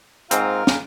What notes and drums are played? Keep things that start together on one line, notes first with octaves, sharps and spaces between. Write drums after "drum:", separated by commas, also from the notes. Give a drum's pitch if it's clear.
G#2 C4 F4 A#5 F6, drum: hi-hat
drum: snare